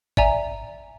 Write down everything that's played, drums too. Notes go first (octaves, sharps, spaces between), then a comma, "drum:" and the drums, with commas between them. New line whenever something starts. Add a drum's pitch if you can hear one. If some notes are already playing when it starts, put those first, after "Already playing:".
D5 E5 G#5 A#5, drum: kick